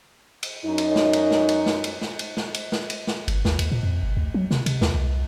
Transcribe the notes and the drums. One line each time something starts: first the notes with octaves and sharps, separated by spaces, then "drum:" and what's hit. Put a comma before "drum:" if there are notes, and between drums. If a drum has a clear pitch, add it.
drum: cymbal
F#2 D#4
drum: cymbal
drum: snare
drum: cymbal
drum: snare
drum: cymbal
drum: snare
drum: cymbal
drum: snare
drum: cymbal
drum: snare
drum: cymbal
drum: snare
drum: cymbal
drum: snare
G1, drum: cymbal
D#2, drum: snare
D#2, drum: cymbal
A#2
F2
G1
D2
F#3
C3, drum: snare
C3, drum: cymbal
D#2, drum: snare
C2